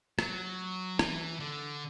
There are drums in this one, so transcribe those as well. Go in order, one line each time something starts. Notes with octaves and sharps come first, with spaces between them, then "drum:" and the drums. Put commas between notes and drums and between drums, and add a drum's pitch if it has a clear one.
F#3, drum: rim click
E3, drum: rim click
D3